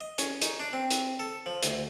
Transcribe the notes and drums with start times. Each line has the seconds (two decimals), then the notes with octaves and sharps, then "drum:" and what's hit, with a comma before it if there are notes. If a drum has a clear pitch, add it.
0.01 D#5
0.18 C#4, drum: hi-hat
0.42 D#4, drum: hi-hat
0.60 D4
0.73 C4
0.90 drum: hi-hat
1.19 A4
1.46 F3
1.63 D2, drum: hi-hat